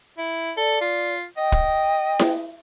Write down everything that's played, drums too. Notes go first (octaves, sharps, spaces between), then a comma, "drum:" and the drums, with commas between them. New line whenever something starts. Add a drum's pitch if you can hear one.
E4
A4 D5
F4
D#5 G5
drum: kick
drum: snare E4